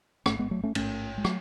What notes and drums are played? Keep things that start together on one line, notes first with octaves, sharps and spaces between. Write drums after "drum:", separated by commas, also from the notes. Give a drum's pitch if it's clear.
A1 G#2 A3 C#4, drum: rim click
G#3 B3
F#3 A3
A3 C#4
A1 G#2 A3 C#4, drum: cymbal
G#3
F#3 A3, drum: rim click